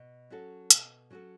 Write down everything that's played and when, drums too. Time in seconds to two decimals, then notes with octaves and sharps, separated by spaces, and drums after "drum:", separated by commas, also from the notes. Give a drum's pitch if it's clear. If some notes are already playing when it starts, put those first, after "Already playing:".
Already playing: B2
0.30 F#3 C#4 F#4 A4
0.70 B2, drum: hi-hat
1.10 F#3 C#4 F#4 A4